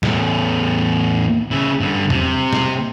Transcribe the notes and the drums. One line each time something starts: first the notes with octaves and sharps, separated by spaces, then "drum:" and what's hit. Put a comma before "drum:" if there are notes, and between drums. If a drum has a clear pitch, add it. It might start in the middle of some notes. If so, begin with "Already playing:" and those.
E2 A2, drum: snare
C#3 E4
G2 D3
C3, drum: tom
drum: snare